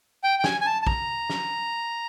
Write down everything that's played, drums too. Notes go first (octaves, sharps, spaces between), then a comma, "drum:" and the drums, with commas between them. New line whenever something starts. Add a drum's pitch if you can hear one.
G5
G5
G#5, drum: snare
G#5
A5
A5
A#5, drum: kick
drum: snare